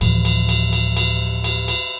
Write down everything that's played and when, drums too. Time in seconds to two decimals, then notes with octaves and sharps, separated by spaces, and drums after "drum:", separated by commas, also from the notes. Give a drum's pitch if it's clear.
0.01 D2 A2 E3 F3, drum: cymbal
0.25 drum: cymbal
0.49 drum: cymbal
0.73 drum: cymbal
0.97 drum: cymbal
1.44 drum: cymbal
1.68 drum: cymbal